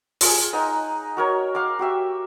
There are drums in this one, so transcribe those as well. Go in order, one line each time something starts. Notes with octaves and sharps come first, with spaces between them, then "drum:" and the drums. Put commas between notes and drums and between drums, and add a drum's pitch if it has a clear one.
F4 G#4, drum: open hi-hat
D#4 D#5 F#5 A#5
F#4 A#4 C#5
F5 F#5 D6
F#4 G4 E5